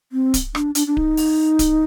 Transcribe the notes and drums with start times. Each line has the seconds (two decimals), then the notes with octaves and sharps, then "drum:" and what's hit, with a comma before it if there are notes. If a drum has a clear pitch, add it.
0.12 C4
0.34 drum: kick D1, hi-hat
0.55 D4, drum: rim click
0.75 D4, drum: hi-hat
0.87 D4
0.97 D#4, drum: kick D1
1.17 drum: open hi-hat
1.59 drum: kick D1, hi-hat